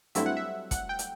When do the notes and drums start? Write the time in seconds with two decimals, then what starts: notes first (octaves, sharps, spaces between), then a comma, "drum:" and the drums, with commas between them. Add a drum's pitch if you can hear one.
0.15 G2 F#3 A3 C4 E4 E5, drum: hi-hat
0.26 F#5
0.37 E5
0.71 F#5, drum: kick, hi-hat
0.89 G5
0.99 drum: hi-hat